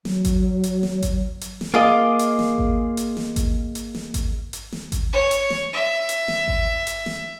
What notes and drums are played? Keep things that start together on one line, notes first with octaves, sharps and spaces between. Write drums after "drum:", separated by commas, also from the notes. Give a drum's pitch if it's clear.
F#3, drum: snare
drum: kick G#1, hi-hat
drum: hi-hat
drum: snare
drum: kick G#1, hi-hat
drum: hi-hat
drum: snare
A#3 F4 G#4 D#5 D6
drum: hi-hat
drum: snare
drum: kick G#1
drum: hi-hat
drum: snare
drum: kick G#1, hi-hat
drum: hi-hat
drum: snare
drum: kick G#1, hi-hat
drum: hi-hat
drum: snare
drum: kick G#1, hi-hat
C#5
drum: hi-hat
drum: snare
E5
drum: hi-hat
drum: snare
drum: kick G#1
drum: hi-hat
drum: snare